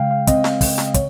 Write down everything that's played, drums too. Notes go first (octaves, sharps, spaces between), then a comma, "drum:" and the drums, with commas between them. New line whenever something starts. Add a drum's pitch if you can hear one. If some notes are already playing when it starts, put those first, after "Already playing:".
Already playing: C#3 G#3 F5 G5
F5
C4 D#5, drum: kick, hi-hat
drum: snare
C#3, drum: kick, open hi-hat
drum: snare
D#5
C#5, drum: kick, hi-hat